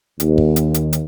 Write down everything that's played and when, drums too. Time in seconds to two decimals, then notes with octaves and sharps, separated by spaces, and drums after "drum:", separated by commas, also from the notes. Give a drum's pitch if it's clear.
0.20 D#2, drum: hi-hat
0.38 drum: kick
0.56 drum: hi-hat
0.74 drum: hi-hat
0.93 drum: hi-hat